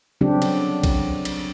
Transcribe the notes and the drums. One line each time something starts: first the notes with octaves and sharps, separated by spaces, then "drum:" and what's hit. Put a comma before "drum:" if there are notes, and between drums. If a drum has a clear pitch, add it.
C#3 F#3 C4 D4 G4
drum: cymbal
drum: kick A#1, cymbal
drum: cymbal